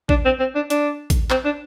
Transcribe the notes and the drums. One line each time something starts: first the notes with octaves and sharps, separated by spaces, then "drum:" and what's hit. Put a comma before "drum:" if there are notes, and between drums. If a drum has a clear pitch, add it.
D4, drum: kick A1
C4
C4
D4
D4, drum: hi-hat
drum: kick A1, hi-hat
C4, drum: clap
D4